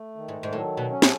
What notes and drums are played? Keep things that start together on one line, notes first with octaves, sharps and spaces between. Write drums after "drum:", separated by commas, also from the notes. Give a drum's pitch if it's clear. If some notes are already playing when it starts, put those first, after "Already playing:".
Already playing: A3
D#3
G#2
G#2
A2 F#3
B2
C#4
A2, drum: snare